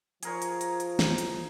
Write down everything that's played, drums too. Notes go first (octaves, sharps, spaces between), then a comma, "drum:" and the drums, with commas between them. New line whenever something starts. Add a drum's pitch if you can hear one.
F3 G#4 A#4 C#5, drum: hi-hat
drum: hi-hat
drum: hi-hat
drum: hi-hat
drum: snare
drum: hi-hat